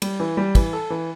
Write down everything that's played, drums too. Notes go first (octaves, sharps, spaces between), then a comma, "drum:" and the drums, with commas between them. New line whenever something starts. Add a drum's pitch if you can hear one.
G3, drum: cymbal
E3
G3
E3, drum: kick, cymbal
A4
E3